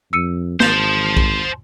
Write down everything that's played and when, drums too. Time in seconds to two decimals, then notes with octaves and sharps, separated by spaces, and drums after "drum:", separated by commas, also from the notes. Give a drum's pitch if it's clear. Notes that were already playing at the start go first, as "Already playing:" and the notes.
0.13 F2 E6 C#7 D#7
0.60 G#1 C5 A5 G6, drum: snare
1.17 drum: kick A#1